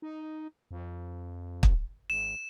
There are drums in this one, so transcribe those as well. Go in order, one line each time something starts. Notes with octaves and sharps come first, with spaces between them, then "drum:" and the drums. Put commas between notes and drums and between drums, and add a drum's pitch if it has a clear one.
D#4
F2
drum: kick
G#1 E7